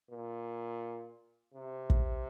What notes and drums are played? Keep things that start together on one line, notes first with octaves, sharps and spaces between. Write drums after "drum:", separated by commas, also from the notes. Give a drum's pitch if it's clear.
A#2
C3
drum: kick